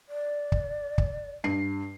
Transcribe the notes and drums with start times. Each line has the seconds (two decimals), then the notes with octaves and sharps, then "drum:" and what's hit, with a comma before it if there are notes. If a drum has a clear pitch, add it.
0.09 D5
0.52 drum: kick
0.98 drum: kick
1.44 G2 C7